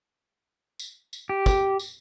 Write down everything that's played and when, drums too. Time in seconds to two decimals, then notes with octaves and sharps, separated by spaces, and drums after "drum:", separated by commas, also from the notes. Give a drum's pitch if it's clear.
0.80 drum: tambourine
1.13 drum: tambourine
1.29 G4
1.46 drum: kick, tambourine
1.79 drum: tambourine